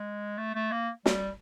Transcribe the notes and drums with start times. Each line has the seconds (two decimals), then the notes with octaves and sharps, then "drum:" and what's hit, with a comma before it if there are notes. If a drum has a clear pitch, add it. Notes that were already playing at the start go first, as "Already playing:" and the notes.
Already playing: G#3
0.38 A3
0.54 A3
0.71 A#3
1.06 G3, drum: snare